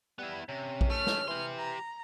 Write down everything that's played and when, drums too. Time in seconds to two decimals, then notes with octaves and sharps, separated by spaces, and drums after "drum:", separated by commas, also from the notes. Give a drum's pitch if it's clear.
0.19 G3 B3 E4
0.49 C3 C#4
0.81 drum: kick A#1
0.90 A3 F6
1.07 drum: snare
1.28 E3 G4 C6
1.58 A#5